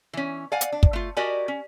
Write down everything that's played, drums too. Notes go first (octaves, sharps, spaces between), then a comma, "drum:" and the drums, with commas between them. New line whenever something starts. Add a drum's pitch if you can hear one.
E3 C#4
D5 F5 F#5 G#5
drum: hi-hat
D4
drum: kick
A3 F4
F#4 G4 A#4 D5 D#5 G#5
C#4